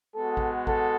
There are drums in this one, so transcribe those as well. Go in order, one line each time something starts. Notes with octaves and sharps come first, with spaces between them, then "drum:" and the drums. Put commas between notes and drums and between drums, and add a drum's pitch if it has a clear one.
G#3 B3 F#4 A4
drum: kick A1
A4, drum: kick A1